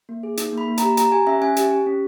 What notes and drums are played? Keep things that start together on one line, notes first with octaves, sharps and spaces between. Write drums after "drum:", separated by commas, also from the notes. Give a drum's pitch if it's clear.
A#3
G#4
D#4, drum: hi-hat
A#3 B5
A#3
G4 A#5, drum: hi-hat
G4 A#5, drum: hi-hat
G4 G#5
C#4 E5
C#4 G#5
G4, drum: hi-hat
G4
C#4